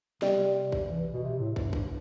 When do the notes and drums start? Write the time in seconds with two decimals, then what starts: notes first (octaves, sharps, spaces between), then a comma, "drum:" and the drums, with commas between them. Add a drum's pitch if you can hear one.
0.22 C3 G3, drum: snare
0.72 drum: kick
0.90 E3
1.13 B2
1.23 C3
1.39 A2
1.56 G2, drum: kick
1.73 drum: kick